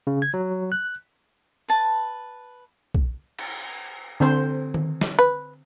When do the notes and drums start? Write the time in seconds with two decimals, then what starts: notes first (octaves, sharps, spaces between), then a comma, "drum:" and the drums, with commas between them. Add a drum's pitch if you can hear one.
0.07 C#3
0.22 G#6
0.34 F#3
0.72 F#6
1.68 B4 A5
2.94 drum: kick
3.39 drum: cymbal
4.20 D3 C4 C5
4.74 drum: tom D#3
5.01 drum: snare
5.19 B4